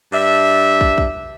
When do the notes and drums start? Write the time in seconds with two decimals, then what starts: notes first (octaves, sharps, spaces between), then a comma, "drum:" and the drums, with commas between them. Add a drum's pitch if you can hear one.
0.13 G2 D4 E5
0.81 drum: kick
0.98 drum: kick